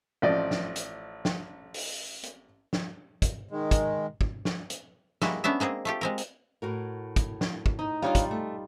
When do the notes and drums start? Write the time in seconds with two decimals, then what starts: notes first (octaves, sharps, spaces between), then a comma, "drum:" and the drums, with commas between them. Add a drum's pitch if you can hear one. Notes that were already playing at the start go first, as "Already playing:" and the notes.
0.22 A1 F3 D5 D#5
0.51 drum: snare
0.76 drum: hi-hat
1.25 drum: snare
1.74 drum: open hi-hat
2.23 drum: hi-hat
2.73 drum: snare
3.22 drum: kick, hi-hat
3.51 D#3 G#3
3.71 drum: kick, hi-hat
4.21 drum: kick
4.45 drum: snare
4.70 drum: hi-hat
5.22 G3 G#3 A#3 E4 F#4, drum: snare
5.44 B3 C#4 D4 E5
5.60 G#3 A#3 C4 G#4
5.85 A3 F4 G4
6.01 G#3 C4 A#4
6.18 drum: hi-hat
6.62 A2 F#4 A#4
7.16 drum: kick, hi-hat
7.41 drum: snare
7.66 drum: kick
7.79 D#4
8.02 G3 D4 D#4 F4 C#5 F5
8.15 drum: kick, hi-hat
8.31 A3